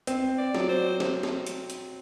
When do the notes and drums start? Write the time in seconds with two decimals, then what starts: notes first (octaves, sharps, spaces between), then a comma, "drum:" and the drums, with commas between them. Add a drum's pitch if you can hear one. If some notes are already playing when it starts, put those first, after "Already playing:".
0.07 C4, drum: hi-hat
0.38 D5
0.55 F#3, drum: snare
0.69 C5
1.00 drum: snare
1.23 drum: snare
1.47 drum: hi-hat
1.70 drum: hi-hat